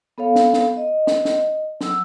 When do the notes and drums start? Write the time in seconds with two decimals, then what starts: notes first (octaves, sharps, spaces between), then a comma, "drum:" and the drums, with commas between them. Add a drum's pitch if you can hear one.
0.18 B3 A4 C#5 F5
0.36 drum: snare
0.54 drum: snare
0.77 D#5
1.07 drum: snare
1.25 drum: snare
1.81 F#3 E6, drum: snare